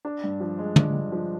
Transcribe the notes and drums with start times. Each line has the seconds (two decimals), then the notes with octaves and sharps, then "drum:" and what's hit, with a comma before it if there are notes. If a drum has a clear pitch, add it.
0.05 D4
0.24 G2
0.40 F3
0.59 G#3
0.76 D4, drum: tom
0.94 G2
1.12 F3